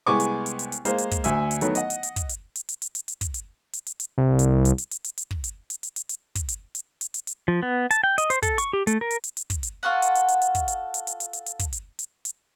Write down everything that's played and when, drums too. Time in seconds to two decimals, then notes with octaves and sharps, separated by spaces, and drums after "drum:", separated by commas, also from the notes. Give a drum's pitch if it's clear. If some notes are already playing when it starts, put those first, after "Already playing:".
0.06 C2 G#3 B3 G#5 C#6 D6
0.20 drum: hi-hat
0.46 drum: hi-hat
0.59 drum: hi-hat
0.72 drum: hi-hat
0.85 G#3 A#3 C5 F5, drum: hi-hat
0.98 drum: hi-hat
1.11 drum: kick, hi-hat
1.24 D2 E5 G#5 E6, drum: hi-hat
1.51 drum: hi-hat
1.61 D#3 F#3 A3 B3, drum: hi-hat
1.75 D#5 F#5, drum: hi-hat
1.90 drum: hi-hat
2.03 drum: hi-hat
2.16 drum: kick, hi-hat
2.29 drum: hi-hat
2.55 drum: hi-hat
2.69 drum: hi-hat
2.82 drum: hi-hat
2.95 drum: hi-hat
3.08 drum: hi-hat
3.21 drum: kick, hi-hat
3.34 drum: hi-hat
3.73 drum: hi-hat
3.86 drum: hi-hat
4.00 drum: hi-hat
4.18 C2
4.39 drum: hi-hat
4.65 drum: hi-hat
4.78 drum: hi-hat
4.91 drum: hi-hat
5.04 drum: hi-hat
5.17 drum: hi-hat
5.31 drum: kick
5.44 drum: hi-hat
5.70 drum: hi-hat
5.83 drum: hi-hat
5.96 drum: hi-hat
6.09 drum: hi-hat
6.35 drum: kick, hi-hat
6.48 drum: hi-hat
6.75 drum: hi-hat
7.01 drum: hi-hat
7.14 drum: hi-hat
7.27 drum: hi-hat
7.48 F3
7.63 B3
7.91 A5, drum: hi-hat
8.04 G5
8.18 D#5, drum: hi-hat
8.30 C5, drum: hi-hat
8.43 A4, drum: kick, hi-hat
8.58 C#6, drum: hi-hat
8.73 G4
8.87 A3, drum: hi-hat
9.01 A#4
9.11 drum: hi-hat
9.24 drum: hi-hat
9.37 drum: hi-hat
9.50 drum: kick, hi-hat
9.63 drum: hi-hat
9.83 F4 F#4 A4 F#5
10.02 drum: hi-hat
10.15 drum: hi-hat
10.28 drum: hi-hat
10.42 drum: hi-hat
10.55 drum: kick, hi-hat
10.68 drum: hi-hat
10.94 drum: hi-hat
11.07 drum: hi-hat
11.20 drum: hi-hat
11.33 drum: hi-hat
11.46 drum: hi-hat
11.59 drum: kick, hi-hat
11.73 drum: hi-hat
11.99 drum: hi-hat
12.25 drum: hi-hat